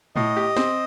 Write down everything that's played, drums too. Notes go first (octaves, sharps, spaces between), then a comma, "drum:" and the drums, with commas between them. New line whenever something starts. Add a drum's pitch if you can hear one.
A2 D#5, drum: tom A2
G4
C4, drum: snare